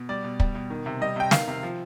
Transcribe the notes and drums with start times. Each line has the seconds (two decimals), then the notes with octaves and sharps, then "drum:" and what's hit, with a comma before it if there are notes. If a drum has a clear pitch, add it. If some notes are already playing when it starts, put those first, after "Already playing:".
Already playing: B2
0.09 G3 D5
0.24 B2
0.40 G3, drum: kick
0.55 B2
0.70 D#3
0.86 C3
1.01 G3 D#5
1.16 C3 G5
1.31 D#3 F5, drum: snare
1.48 C3
1.63 F3